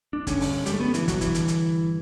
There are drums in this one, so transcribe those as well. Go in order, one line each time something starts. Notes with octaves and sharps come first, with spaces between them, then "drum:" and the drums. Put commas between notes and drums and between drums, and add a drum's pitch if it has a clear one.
D4
G1 G2 D3 C#4, drum: kick, hi-hat
drum: open hi-hat
G3, drum: hi-hat
A3
B3
E3, drum: hi-hat
F#3, drum: kick, hi-hat
E3, drum: kick, hi-hat
drum: hi-hat
drum: hi-hat